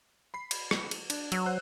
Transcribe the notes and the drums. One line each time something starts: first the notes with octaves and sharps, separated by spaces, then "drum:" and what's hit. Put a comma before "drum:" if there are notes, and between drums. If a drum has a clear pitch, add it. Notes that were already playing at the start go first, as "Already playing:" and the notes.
B5 C7
drum: cymbal
drum: rim click
drum: cymbal
D4, drum: cymbal
F#3 E6, drum: cymbal
C5 F#6